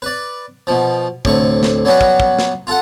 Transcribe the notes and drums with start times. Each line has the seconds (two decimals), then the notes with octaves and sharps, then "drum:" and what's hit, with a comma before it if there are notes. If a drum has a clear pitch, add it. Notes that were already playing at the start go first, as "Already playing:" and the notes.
0.02 B4 D5
0.67 B2 F3
1.25 D2 A2 C3 C#6, drum: kick
1.63 drum: snare
1.85 F#3 G3 B3 C#4 F#4
2.01 drum: kick
2.20 drum: kick
2.39 drum: snare
2.67 F4 A4 F#5